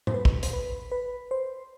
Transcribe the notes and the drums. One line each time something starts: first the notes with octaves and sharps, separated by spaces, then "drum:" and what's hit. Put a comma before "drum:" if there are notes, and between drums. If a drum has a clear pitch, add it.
C5, drum: tom A2
B4
drum: kick
C5, drum: hi-hat
B4
B4
C5